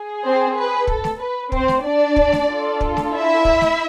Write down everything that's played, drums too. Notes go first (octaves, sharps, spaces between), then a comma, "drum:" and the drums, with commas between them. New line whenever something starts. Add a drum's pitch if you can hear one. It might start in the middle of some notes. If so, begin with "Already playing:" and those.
Already playing: G#4
C4 C5
B4
A4, drum: kick
drum: snare
B4
C4 C5, drum: kick
drum: snare
D4 D5
drum: kick
drum: snare
D4 F4 A4
drum: kick
drum: snare
E4 E5
drum: kick
drum: snare